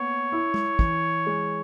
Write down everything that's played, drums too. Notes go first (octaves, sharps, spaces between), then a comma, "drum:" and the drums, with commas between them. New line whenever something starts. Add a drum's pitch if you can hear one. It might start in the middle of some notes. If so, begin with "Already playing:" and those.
Already playing: A#3 B3 C#5
E4
drum: tom G#3
E3, drum: kick
G#3